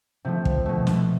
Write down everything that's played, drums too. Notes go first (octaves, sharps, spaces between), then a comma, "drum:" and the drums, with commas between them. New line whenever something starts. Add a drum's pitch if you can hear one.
C3 F3 A3
drum: kick
B2 A3
drum: snare